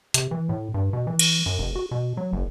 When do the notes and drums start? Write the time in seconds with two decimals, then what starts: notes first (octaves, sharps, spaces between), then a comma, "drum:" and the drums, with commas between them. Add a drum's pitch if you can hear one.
0.14 C3, drum: hi-hat
0.31 E3
0.49 A2
0.74 G2
0.93 B2
1.07 E3
1.19 drum: cymbal
1.46 F#2
1.59 F1
1.75 F#4
1.91 B2
2.17 F#3
2.33 F#1